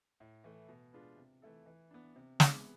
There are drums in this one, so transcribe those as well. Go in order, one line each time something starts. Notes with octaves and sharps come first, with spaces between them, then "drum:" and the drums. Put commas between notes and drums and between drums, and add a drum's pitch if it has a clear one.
A2
E3 A3
B2
G#3 D4 F4 B4
C3
E3 A3 E4 A4
E3
B3 D4
C3
E3 G#3 B3, drum: snare